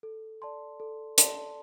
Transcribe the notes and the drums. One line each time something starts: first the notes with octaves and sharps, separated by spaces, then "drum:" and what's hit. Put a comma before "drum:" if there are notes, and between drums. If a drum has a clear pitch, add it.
A4
D5 A5 C6
A4
D5 A5 C6, drum: hi-hat